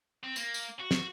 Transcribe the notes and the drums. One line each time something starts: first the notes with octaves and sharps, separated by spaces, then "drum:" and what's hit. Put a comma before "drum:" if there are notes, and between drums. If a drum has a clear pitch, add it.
C4
A#3, drum: tambourine
drum: tambourine
F#4
drum: snare